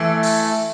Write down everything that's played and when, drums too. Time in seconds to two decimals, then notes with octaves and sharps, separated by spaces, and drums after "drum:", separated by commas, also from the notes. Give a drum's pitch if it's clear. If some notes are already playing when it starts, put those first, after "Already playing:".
Already playing: E3 A3
0.23 drum: open hi-hat